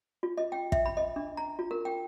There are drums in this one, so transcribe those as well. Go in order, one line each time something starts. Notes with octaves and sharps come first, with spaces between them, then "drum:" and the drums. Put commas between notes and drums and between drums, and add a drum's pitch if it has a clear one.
F4
D#5
G5
E5, drum: kick
B5
D#5
D4
A#5
F4
A#4
G5